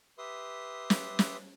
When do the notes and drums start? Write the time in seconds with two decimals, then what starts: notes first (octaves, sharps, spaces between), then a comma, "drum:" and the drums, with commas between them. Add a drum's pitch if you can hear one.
0.18 G4 B4 E5 C6 D#6
0.90 drum: snare
1.19 drum: snare